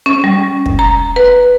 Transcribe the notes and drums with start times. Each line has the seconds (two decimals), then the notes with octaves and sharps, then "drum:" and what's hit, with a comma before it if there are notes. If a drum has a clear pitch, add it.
0.06 C#4
0.24 G3
0.66 drum: kick
0.79 A#5
1.16 B4